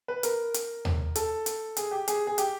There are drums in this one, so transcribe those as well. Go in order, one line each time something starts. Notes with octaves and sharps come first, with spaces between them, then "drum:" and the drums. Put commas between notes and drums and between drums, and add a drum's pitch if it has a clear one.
B4
A#4, drum: hi-hat
drum: hi-hat
drum: tom D#2
A4, drum: hi-hat
drum: hi-hat
G#4, drum: hi-hat
G4
G#4, drum: hi-hat
G#4
G4, drum: hi-hat